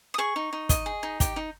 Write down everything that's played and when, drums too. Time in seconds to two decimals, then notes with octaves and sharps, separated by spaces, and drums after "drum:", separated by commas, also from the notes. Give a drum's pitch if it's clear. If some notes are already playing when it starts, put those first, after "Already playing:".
0.14 D#6
0.18 G#4 C#6
0.36 D#4
0.53 D#4
0.69 D#5, drum: kick, hi-hat
0.86 G#4
1.03 D#4
1.20 G4, drum: kick, hi-hat
1.36 D#4